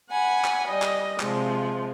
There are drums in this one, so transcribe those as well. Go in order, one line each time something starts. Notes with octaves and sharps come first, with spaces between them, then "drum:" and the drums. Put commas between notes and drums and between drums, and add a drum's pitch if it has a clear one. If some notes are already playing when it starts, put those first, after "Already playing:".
F#5 G#5 B5
drum: clap
G3 D#5
drum: clap
C3 F3 G#3, drum: clap